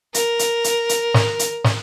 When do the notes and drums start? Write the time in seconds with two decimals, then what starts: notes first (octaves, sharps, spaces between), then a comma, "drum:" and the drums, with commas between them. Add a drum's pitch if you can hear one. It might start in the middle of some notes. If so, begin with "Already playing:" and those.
0.14 A#4, drum: hi-hat
0.39 drum: hi-hat
0.64 drum: hi-hat
0.89 drum: hi-hat
1.14 drum: snare
1.39 drum: hi-hat
1.64 drum: snare